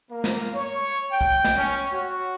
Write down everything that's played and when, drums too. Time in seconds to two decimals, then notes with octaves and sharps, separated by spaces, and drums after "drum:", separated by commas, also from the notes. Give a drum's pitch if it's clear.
0.11 A#3
0.24 drum: snare
0.54 C#5
1.12 G5
1.21 drum: kick
1.44 drum: snare
1.57 C#4
1.93 F#4